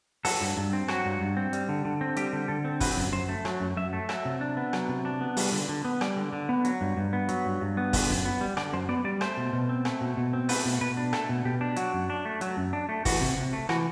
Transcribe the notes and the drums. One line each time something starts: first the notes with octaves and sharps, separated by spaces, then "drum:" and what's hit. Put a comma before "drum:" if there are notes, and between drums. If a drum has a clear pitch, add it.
F#3 A4, drum: open hi-hat
G2
G2
C4
F#3 F#4, drum: rim click
G2
G2
C4
G3, drum: hi-hat
D3
D3
C4
G3 G4, drum: hi-hat
D3
D3 A4
C4
F#3 B4, drum: kick, open hi-hat
F#2
F#2 C5
A3
F#3, drum: rim click
F#2
F#2 E5
A3
F#3 E5, drum: rim click
C3
D4
B3
F#3, drum: rim click
C3
D4
B3
G3, drum: open hi-hat
D3
D3
B3
G3 D5, drum: rim click
D3
D3
B3
F#3, drum: hi-hat
G2
G2
B3
F#3, drum: hi-hat
G2
G2
B3
D3, drum: kick, open hi-hat
F#2
B3
G3
D3 D5, drum: rim click
F#2 C5
B3 D5
G3 D5
A3 C5, drum: rim click
B2
B2
C4
A3, drum: rim click
B2
B2
C4
A3 B4, drum: open hi-hat
B2
B2 B4
D4
A3 A4, drum: rim click
B2
B2 G4
D4
F#3 F#4, drum: hi-hat
F#2
D4
A3
F#3, drum: hi-hat
F#2
D4
A3
E3 F#4, drum: kick, open hi-hat
C3
C3
A3
E3 F#4, drum: rim click